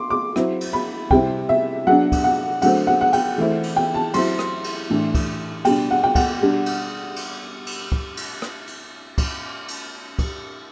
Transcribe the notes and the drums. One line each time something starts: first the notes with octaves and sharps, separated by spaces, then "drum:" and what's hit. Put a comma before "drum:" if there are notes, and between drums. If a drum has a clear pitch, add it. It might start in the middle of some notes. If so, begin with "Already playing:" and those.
Already playing: C6 D6
D6
F#3 C4 E4, drum: rim click
drum: cymbal
B5
C3 G3 C4 E4 G5, drum: kick
E5
F#3 B3 D4 F#5
drum: kick, cymbal
F#5
D3 F#3 A3 C4 F#5, drum: cymbal
F#5
F#5
G5, drum: cymbal
E3 A3 C4 E4
drum: cymbal
G5
A5
F#3 C4 E4 C6, drum: cymbal
drum: rim click
drum: cymbal
A2 E3 A3 D4
drum: kick, cymbal
B2 G3 D4 G5, drum: cymbal
F#5
G5
F#5, drum: kick, cymbal
B2 G3 D4
drum: cymbal
drum: cymbal
drum: cymbal
drum: kick
drum: cymbal
drum: rim click
drum: cymbal
drum: kick, cymbal
drum: cymbal
drum: kick, cymbal